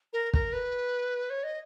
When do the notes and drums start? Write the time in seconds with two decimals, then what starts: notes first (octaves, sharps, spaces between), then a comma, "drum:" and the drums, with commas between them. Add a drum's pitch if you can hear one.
0.13 A#4
0.33 A#4, drum: kick
0.53 B4
1.30 C#5
1.44 D#5